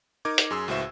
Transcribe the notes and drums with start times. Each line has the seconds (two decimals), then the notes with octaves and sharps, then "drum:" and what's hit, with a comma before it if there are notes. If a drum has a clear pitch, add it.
0.25 D#4 A#4 D6 G#6
0.38 drum: hi-hat
0.51 F#2 G#4 C6 E6
0.68 C#2 A2 F#4 C5 E5 E7